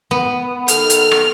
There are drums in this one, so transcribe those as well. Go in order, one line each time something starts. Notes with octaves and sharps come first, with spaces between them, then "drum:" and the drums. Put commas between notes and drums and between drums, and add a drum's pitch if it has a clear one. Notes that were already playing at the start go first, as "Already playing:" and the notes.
B3
D#3 A4 F6, drum: hi-hat
drum: hi-hat
drum: rim click